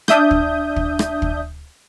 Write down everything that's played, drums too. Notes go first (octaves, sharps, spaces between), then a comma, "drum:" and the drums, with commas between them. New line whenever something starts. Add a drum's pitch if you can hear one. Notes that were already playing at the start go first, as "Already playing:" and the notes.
D4 E5 D#6 G6, drum: rim click
drum: kick
drum: kick
drum: rim click
drum: kick